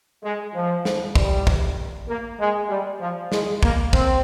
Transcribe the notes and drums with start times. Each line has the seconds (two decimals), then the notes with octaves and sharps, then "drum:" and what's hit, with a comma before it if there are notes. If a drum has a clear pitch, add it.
0.24 G#3
0.55 F3
0.85 drum: snare
1.15 G3, drum: kick
1.47 drum: kick
2.09 A#3
2.40 G#3
2.69 G3
3.00 F3
3.32 G#3, drum: snare
3.63 A#3, drum: kick
3.93 C4, drum: kick